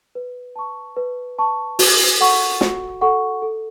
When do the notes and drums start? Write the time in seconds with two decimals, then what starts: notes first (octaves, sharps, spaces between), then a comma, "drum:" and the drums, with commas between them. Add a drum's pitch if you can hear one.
0.15 B4
0.56 A5 C#6
0.97 B4
1.38 A5 C#6
1.79 F#4, drum: open hi-hat
2.20 A4 F#5 C#6
2.61 F#4, drum: snare
3.01 A4 F#5 C#6
3.42 A4